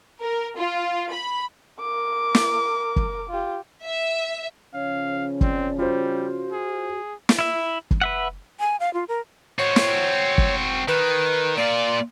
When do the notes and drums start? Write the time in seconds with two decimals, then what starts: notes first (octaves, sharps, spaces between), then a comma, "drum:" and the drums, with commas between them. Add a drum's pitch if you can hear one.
0.23 A#4
0.57 F4
1.12 B5
1.80 A#4 D6
2.35 drum: snare
2.96 drum: kick
3.30 F4 G4
3.84 E5
4.74 C#3 F3 C#4 C#5 F5
5.41 C4 D5, drum: kick
5.79 G3 F4 F#4 C5
6.52 G#4
7.29 drum: snare
7.39 E4 E5
7.91 drum: kick
8.01 B4 E5 F#5
8.60 G#5
8.80 F5
8.94 F4
9.08 A#4
9.59 C4 F#4 C#5
9.76 drum: snare
10.38 drum: kick
10.88 D#3 B4
11.57 A#2 F4 D5